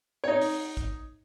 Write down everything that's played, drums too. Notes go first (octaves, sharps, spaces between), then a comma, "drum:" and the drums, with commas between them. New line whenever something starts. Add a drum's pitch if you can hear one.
D#4 C#5
drum: open hi-hat
drum: kick A1, hi-hat